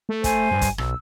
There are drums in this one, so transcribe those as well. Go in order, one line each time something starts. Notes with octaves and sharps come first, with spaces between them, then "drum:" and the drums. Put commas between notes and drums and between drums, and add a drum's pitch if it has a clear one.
A3
C5 G#5, drum: kick, hi-hat
G2
drum: kick, hi-hat
B1 E6, drum: rim click